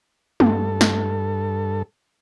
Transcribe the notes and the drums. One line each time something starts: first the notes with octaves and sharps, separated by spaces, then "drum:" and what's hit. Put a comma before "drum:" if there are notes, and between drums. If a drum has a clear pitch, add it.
G2 A4, drum: tom
drum: snare